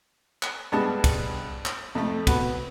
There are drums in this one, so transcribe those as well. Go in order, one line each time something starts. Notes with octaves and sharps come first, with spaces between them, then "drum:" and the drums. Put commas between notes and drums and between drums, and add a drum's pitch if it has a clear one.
drum: clap
G2 G#3 B3 A5
drum: kick, cymbal
drum: clap
F2 A3
B3 F#4, drum: kick, cymbal